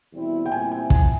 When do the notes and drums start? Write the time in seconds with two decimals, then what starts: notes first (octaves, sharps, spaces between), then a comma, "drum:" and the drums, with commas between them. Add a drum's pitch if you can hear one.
0.13 E2 B2 G3 C4 E4
0.46 G5
0.52 A#2 G3 C4 E4 G#5
0.72 G#5
0.90 G#5, drum: kick